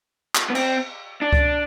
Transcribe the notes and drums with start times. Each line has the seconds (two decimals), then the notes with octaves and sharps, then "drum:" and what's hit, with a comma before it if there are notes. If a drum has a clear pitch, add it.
0.35 drum: clap
0.50 B3
0.55 C4, drum: cymbal
1.22 D4
1.33 drum: kick C#2